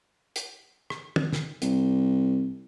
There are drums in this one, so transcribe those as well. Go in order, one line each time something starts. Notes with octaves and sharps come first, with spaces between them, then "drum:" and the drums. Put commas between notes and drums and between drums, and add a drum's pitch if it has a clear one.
drum: hi-hat
drum: rim click
drum: tom
drum: snare
C2, drum: hi-hat